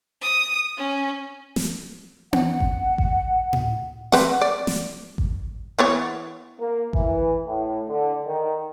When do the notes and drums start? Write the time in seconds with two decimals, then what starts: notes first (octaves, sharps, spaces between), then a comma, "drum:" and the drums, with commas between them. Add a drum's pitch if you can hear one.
0.22 D#6
0.78 C#4
1.56 drum: snare
2.33 F#5, drum: tom B3
2.60 drum: kick G#1
2.98 drum: kick G#1
3.53 drum: tom A2
4.12 C4 B4 F#5, drum: snare
4.41 D5
4.67 drum: snare
5.18 drum: kick G#1
5.79 E3 B3 C#5
6.59 A#3
6.93 E3, drum: kick G#1
7.46 A2
7.88 D3
8.26 D#3